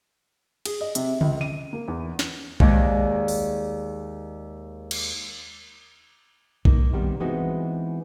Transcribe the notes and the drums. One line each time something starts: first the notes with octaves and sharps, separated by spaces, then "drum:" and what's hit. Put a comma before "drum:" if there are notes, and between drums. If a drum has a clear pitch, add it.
G#4, drum: cymbal
D#5
C3, drum: hi-hat
C#2, drum: tom C#3
D#7
A#3
E2
drum: snare
D#2 D#3 G#3 G#4 D5, drum: kick
drum: open hi-hat
drum: cymbal
A#3 D#4, drum: kick
C3 D#3 G3 B3
E3 G#3 B3 C4 D#4 F#4